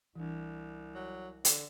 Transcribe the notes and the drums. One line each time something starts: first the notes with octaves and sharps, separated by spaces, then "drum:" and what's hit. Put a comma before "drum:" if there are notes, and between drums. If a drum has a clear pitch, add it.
C2 E3 D4
F#3
D3, drum: hi-hat